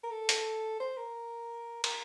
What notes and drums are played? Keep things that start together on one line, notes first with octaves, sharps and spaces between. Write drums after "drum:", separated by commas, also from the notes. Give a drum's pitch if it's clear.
A#4
A4
drum: hi-hat
C5
A#4
A#4, drum: cymbal